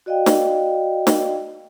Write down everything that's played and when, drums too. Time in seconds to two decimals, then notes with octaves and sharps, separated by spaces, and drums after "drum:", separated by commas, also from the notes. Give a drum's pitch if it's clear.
0.06 F#4 D5 D#5 F5 G5
0.26 drum: snare
1.07 drum: snare